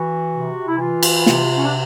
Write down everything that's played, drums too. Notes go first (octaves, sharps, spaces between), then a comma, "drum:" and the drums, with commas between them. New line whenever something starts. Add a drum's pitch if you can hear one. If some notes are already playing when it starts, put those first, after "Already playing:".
Already playing: E3 F#4
C3
E4
E3 F4
drum: cymbal
C3, drum: snare
C#4
D4